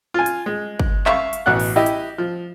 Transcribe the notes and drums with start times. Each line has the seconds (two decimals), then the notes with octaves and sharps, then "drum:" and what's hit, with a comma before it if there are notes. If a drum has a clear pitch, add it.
0.14 F4 G#5
0.26 drum: hi-hat
0.46 G#3
0.80 drum: kick
1.06 E5 F5 C#6, drum: clap
1.33 drum: hi-hat
1.46 A1 B2 F#5 F#6
1.60 drum: open hi-hat
1.76 E4 G4 D#5
1.86 drum: hi-hat
2.18 F3